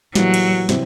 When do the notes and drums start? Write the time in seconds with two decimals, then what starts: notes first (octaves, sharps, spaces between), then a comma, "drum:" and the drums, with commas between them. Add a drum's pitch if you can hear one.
0.15 A2 E3 F#3 G3 A#3, drum: snare
0.34 drum: cymbal
0.69 C3 E3 G3 C4, drum: snare